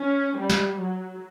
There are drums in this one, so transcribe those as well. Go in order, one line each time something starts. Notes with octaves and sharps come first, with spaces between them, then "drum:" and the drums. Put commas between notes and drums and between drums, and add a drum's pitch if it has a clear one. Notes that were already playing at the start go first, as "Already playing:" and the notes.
Already playing: C#4
G3
drum: snare
F#3